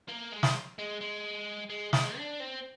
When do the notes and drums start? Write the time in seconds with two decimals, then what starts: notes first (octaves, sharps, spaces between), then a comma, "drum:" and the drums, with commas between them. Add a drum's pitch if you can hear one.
0.09 A#3
0.32 G#3
0.43 drum: snare
0.79 G#3
1.01 G#3
1.70 G#3
1.93 G#3, drum: snare
2.17 D4
2.40 C4